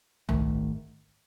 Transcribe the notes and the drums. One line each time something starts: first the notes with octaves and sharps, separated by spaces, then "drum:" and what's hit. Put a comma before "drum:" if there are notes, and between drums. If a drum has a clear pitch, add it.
G#1 G#2 D#3 A3, drum: tom C2